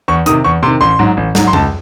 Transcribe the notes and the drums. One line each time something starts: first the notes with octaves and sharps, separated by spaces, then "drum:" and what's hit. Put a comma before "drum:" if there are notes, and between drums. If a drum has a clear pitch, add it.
E2 C#6
C3 D#3 D#6, drum: hi-hat
E2 C#6
C3 D#3 C6
A1 C6
G#2 F#3
A1
G#2 F#3, drum: snare
C6
C#2 A5, drum: tom F2